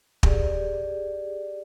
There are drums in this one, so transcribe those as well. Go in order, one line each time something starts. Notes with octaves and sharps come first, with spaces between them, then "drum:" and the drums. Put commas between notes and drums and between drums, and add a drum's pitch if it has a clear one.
G4 G#4 D5, drum: kick